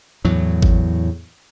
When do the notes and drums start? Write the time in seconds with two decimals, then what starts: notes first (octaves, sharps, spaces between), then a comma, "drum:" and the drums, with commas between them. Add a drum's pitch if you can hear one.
0.25 E2 A2 F#3
0.62 drum: kick G#1